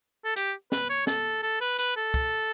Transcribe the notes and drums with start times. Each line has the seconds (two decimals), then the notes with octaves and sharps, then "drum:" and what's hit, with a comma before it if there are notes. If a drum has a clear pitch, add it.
0.25 A4
0.36 G4, drum: hi-hat
0.72 B4, drum: snare
0.90 C#5
1.07 A4, drum: snare
1.43 A4
1.60 B4
1.78 B4, drum: hi-hat
1.97 A4
2.14 drum: kick